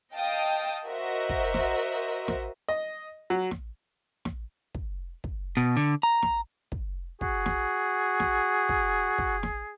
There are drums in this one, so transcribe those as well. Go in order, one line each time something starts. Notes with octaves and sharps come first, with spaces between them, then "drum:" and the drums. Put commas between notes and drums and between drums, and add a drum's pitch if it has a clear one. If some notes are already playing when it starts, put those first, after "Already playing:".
D#5 F5 G5 A5 D#6
F#4 A#4 C5 D#5 E5
drum: kick
drum: snare
drum: snare
D#5
F#3
drum: snare
drum: snare
drum: kick
drum: kick
B2
D3
A#5
drum: snare
drum: kick
F#4 G#4, drum: kick
drum: snare
drum: snare
drum: kick
drum: kick
drum: snare